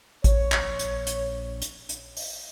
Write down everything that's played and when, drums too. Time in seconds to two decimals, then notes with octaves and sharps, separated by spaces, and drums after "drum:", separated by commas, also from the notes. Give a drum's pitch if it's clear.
0.24 A#1 C#5, drum: kick, hi-hat
0.52 drum: clap
0.79 drum: hi-hat
1.07 drum: hi-hat
1.62 drum: hi-hat
1.89 drum: hi-hat
2.17 drum: open hi-hat